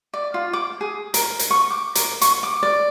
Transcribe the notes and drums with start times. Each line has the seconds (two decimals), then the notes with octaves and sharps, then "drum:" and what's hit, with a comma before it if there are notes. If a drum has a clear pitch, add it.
0.13 D5
0.34 F4
0.53 D6
0.81 G#4
1.14 A#4, drum: hi-hat
1.39 drum: hi-hat
1.51 C#6
1.70 D6
1.95 A#4, drum: hi-hat
2.21 C#6, drum: hi-hat
2.43 D6
2.63 D5